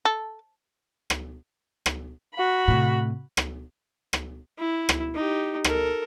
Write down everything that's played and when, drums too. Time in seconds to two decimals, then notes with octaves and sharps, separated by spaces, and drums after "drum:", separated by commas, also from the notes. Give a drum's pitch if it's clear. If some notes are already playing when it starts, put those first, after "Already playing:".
0.05 A4
1.10 drum: rim click
1.86 drum: rim click
2.35 F#4 B5
2.68 A2 C3
3.37 drum: rim click
4.13 drum: rim click
4.58 E4
4.89 drum: rim click
5.15 D#4 G4
5.64 A4 A#4, drum: rim click